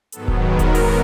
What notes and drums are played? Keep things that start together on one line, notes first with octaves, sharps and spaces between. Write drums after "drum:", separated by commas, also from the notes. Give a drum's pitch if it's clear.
G#2 D#3 F#3 B3 A4, drum: hi-hat
drum: kick D#1
A#4
drum: kick D#1, hi-hat
drum: open hi-hat